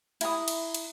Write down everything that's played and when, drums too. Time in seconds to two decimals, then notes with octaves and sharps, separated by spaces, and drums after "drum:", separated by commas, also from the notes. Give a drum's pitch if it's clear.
0.21 E4 A#5 D#6, drum: cymbal
0.48 drum: cymbal
0.74 drum: cymbal